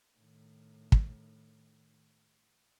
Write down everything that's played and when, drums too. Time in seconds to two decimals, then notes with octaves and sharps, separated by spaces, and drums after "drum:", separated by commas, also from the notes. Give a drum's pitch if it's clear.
0.18 A2 D#3
0.92 drum: kick